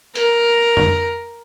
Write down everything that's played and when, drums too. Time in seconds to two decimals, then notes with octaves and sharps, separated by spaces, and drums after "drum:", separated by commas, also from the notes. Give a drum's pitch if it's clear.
0.15 A#4, drum: hi-hat
0.77 drum: tom F2